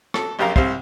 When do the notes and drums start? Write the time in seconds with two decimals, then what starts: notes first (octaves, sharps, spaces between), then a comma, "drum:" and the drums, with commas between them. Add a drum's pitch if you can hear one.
0.14 A4, drum: rim click
0.39 A#1 F#2 G4 A#4 F5 A#5
0.56 C2 C3 C5 F5, drum: kick